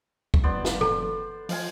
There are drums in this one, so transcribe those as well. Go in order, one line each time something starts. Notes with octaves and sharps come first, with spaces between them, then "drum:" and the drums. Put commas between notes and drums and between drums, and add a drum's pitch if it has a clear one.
drum: kick C#2
F#1 B3 C5 D5
drum: snare
A4, drum: tom A2
F3 D#5 F5 G#5, drum: open hi-hat